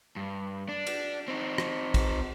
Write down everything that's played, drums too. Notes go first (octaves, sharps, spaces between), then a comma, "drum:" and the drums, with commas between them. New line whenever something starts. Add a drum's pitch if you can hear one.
G2
D4
drum: cymbal
C4 D#4
drum: rim click
drum: kick, cymbal